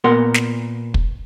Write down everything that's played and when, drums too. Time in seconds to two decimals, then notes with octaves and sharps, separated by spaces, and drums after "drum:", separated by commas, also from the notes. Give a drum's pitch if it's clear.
0.04 A#2 B3 A#4 F#5 C6
0.34 drum: snare
0.94 drum: kick